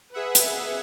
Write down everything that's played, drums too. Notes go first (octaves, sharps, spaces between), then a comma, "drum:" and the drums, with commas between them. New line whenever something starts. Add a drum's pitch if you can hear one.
G#4 B4 E5 F#5
drum: hi-hat